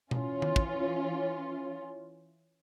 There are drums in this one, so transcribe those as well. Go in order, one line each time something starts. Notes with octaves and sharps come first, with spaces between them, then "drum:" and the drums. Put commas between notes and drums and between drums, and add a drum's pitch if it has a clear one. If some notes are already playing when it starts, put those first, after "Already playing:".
E3 C#4 F4, drum: tom B2
drum: tom D#3
drum: kick